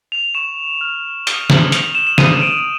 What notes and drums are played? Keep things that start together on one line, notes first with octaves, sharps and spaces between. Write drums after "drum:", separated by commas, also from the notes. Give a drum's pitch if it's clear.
F7
C#6 E7
F6
D#6 G7, drum: hi-hat
F#7, drum: snare
G6 F7, drum: hi-hat
E7
E7
D#6 D#7, drum: snare
D7